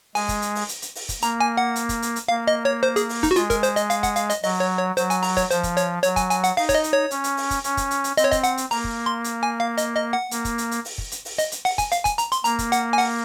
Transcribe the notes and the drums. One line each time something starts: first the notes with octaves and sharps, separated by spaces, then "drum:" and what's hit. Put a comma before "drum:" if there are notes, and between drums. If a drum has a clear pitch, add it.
G#3 G#5, drum: open hi-hat
drum: kick, hi-hat
drum: hi-hat
drum: open hi-hat
drum: hi-hat
drum: hi-hat
drum: open hi-hat
drum: kick, hi-hat
A#3 A#5, drum: hi-hat
G#5
F#5
drum: hi-hat
drum: kick, hi-hat
drum: hi-hat
drum: hi-hat
A#3 F5
D#5
C#5
C5
G#4, drum: hi-hat
drum: open hi-hat
D#4, drum: kick, hi-hat
F#4
G#3 F4, drum: hi-hat
A#4, drum: kick, hi-hat
C5, drum: hi-hat
D#5, drum: hi-hat
F5, drum: hi-hat
F#5, drum: kick, hi-hat
F5, drum: hi-hat
D#5, drum: hi-hat
F#3 D#5, drum: open hi-hat
C#5
C#5
F#3 C5, drum: hi-hat
G#5, drum: hi-hat
A#5, drum: open hi-hat
C#5, drum: kick, hi-hat
F3 C5, drum: hi-hat
drum: kick, hi-hat
C#5, drum: hi-hat
F#3 C#5, drum: hi-hat
G#5, drum: kick, hi-hat
G#5, drum: hi-hat
F#5, drum: hi-hat
D#4 F5, drum: open hi-hat
C#5, drum: kick, hi-hat
D#5
drum: hi-hat
C#5
C#4, drum: hi-hat
drum: hi-hat
drum: open hi-hat
drum: kick, hi-hat
C#4, drum: hi-hat
drum: kick, hi-hat
drum: hi-hat
drum: hi-hat
C4 D#5, drum: hi-hat
C#5
D#5, drum: kick, hi-hat
F#5, drum: hi-hat
drum: hi-hat
A#3 A#5, drum: open hi-hat
drum: kick
C6
drum: hi-hat
G#5
F5
D#5, drum: hi-hat
D#5
F#5
A#3, drum: hi-hat
drum: kick, hi-hat
drum: hi-hat
drum: hi-hat
drum: open hi-hat
drum: kick
drum: hi-hat
drum: open hi-hat
D#5, drum: hi-hat
drum: hi-hat
F#5, drum: open hi-hat
G#5, drum: kick, hi-hat
F5, drum: hi-hat
G#5, drum: kick, hi-hat
A#5, drum: hi-hat
C6, drum: hi-hat
A#3 A#5, drum: hi-hat
drum: kick, hi-hat
F#5, drum: hi-hat
G#5
F#5, drum: open hi-hat